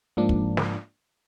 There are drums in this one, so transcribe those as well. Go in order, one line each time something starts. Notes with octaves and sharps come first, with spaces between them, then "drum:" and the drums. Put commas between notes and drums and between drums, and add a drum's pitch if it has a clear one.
G#2 F3 A#3 D4
drum: kick
drum: snare